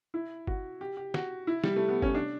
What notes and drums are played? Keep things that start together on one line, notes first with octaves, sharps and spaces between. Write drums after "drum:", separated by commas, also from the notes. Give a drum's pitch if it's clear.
E4
F#4, drum: kick G1
G4
G4
F#4, drum: snare
E4
G3, drum: snare
A3
B3
C#4, drum: kick G1
D4